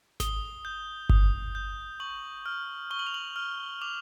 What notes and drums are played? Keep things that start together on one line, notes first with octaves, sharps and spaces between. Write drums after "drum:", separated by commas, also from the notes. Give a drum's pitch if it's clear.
D#6 G7, drum: snare G#1
G6
D#6, drum: kick G1
G6
C#6 F#7
F6
C#6 G7
F#7
F7
F#7
F6
D6 F7